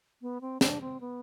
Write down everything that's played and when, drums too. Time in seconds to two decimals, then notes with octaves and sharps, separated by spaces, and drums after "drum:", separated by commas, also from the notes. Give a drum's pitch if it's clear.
0.22 B3
0.41 C4
0.61 D4, drum: snare
0.81 C4
1.00 B3